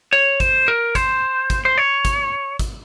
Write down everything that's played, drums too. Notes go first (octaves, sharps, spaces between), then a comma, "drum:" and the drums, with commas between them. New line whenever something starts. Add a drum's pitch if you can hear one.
C#5
C5, drum: kick, hi-hat
A#4
C5, drum: kick, hi-hat
drum: kick, hi-hat
C5
C#5
drum: kick, hi-hat
drum: kick, hi-hat